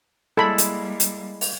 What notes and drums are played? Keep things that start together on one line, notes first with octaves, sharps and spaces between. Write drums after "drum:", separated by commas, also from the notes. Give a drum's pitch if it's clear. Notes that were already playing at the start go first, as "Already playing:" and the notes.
G3 G#3 A#3 E4 A4 B5
drum: hi-hat
drum: hi-hat
drum: open hi-hat